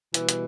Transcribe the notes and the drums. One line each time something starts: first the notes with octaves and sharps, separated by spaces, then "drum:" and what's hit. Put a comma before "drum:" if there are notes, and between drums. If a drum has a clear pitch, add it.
B2 E3 G3, drum: hi-hat
drum: hi-hat